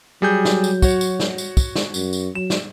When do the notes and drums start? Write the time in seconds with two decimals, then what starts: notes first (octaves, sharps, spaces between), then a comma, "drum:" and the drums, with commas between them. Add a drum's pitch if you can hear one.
0.22 F#3 G3 G#4 G6
0.45 drum: snare
0.64 drum: tambourine
0.82 F#4 C#5, drum: kick, tambourine
1.01 drum: tambourine
1.20 drum: snare
1.38 drum: tambourine
1.57 drum: kick, tambourine
1.76 drum: snare
1.94 F#2, drum: tambourine
2.13 drum: tambourine
2.35 F#3 E7
2.50 drum: snare